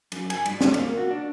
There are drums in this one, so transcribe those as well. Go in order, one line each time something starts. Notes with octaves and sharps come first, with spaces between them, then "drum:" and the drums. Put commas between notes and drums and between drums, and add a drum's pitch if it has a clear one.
F#2, drum: cymbal
G#5, drum: cymbal
G2, drum: cymbal
G2, drum: snare
A#3, drum: cymbal
F#4
D4